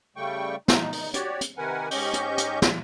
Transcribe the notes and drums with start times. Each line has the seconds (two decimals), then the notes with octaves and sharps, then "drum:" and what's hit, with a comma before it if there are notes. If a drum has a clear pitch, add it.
0.17 C#3 G3 A3 G5 C#6
0.68 D#4, drum: snare
0.92 drum: open hi-hat
1.14 F#4 G4 C#5 D5, drum: hi-hat
1.41 drum: hi-hat
1.58 C3 D#3 A#4 B4 F#5 G#5
1.91 G#2 C#4 G4 D#5 C#6 G6, drum: open hi-hat
2.14 drum: hi-hat
2.38 drum: hi-hat
2.62 drum: snare